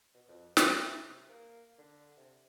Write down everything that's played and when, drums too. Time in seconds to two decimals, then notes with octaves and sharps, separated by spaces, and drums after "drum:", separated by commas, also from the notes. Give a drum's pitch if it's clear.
0.14 B2
0.28 F2
0.57 A2, drum: snare
0.74 E4
1.02 C3
1.29 A#3
1.78 D3
2.17 C3